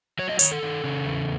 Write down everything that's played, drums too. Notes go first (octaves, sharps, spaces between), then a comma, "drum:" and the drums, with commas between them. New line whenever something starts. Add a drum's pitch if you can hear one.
F#3 C#5
D#5
D#3 C#5, drum: hi-hat
A4
D#3
C#3
E2